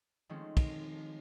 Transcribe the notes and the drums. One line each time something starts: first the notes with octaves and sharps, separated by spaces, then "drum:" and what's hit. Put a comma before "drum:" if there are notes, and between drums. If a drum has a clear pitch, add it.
D#3 F3 G#3 A3 C4 C#4
drum: kick, cymbal